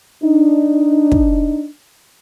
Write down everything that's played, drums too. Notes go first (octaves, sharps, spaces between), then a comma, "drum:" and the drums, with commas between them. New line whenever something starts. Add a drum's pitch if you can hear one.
D4 D#4
drum: kick